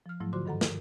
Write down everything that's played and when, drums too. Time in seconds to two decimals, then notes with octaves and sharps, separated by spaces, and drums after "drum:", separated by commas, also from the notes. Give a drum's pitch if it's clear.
0.06 F3 F6
0.20 G#2 F3 F#3 A3 E4
0.33 D3 F4 F#4 C5 C6 D6
0.46 G2 D#3 A4 F#5 A#5
0.61 A#4, drum: snare